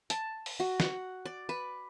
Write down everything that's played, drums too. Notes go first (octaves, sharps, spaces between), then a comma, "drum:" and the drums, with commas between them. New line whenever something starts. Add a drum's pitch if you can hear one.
A5, drum: hi-hat
drum: open hi-hat
F#4
F#5, drum: snare
D5
B4